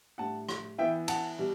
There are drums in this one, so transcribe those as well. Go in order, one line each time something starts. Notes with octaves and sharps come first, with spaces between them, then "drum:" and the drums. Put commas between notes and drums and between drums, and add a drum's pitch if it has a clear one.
A2 G3 D4 F#5 A5
drum: rim click
E3 B3 E4 E5 G5
F#5 A5, drum: cymbal
B2 G3